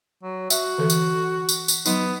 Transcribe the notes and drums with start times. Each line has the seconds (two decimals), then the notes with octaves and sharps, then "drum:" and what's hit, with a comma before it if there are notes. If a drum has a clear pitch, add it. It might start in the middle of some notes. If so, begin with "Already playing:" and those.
0.23 F#3
0.50 F#4 E5, drum: tambourine
0.78 D3 E3 A4
0.90 drum: tambourine
1.49 drum: tambourine
1.68 drum: tambourine
1.86 F#3 B3 D#4, drum: tambourine